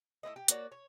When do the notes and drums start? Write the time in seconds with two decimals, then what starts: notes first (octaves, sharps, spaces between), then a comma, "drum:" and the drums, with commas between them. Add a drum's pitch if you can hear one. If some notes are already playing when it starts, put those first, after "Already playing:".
0.23 A3 E4 B4 D#5
0.36 G4
0.48 A#3 F#4 C#5 D5, drum: hi-hat
0.72 C#5